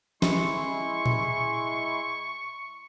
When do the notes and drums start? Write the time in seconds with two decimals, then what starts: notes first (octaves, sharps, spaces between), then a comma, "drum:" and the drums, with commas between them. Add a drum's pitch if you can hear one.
0.22 G#3 E4 C6 C#6, drum: snare
1.06 drum: tom A#2